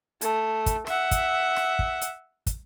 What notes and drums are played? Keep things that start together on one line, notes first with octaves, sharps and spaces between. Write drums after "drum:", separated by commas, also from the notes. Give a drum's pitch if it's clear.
A3, drum: hi-hat
drum: kick, hi-hat
E5 F#5, drum: rim click
drum: kick, hi-hat
drum: rim click
drum: kick
drum: hi-hat
drum: kick, hi-hat